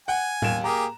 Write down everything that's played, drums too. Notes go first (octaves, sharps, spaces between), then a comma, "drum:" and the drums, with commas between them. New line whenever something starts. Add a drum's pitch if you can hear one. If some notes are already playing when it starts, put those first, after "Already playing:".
F#5 G#5
D#2 E7, drum: tom A2
A#3 G4 G#4 A#5